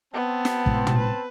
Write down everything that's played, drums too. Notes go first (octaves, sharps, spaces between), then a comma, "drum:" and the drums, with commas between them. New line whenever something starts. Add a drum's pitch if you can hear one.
B3 C4 A5
drum: snare
A2 C3 G#3, drum: kick
drum: tom
B4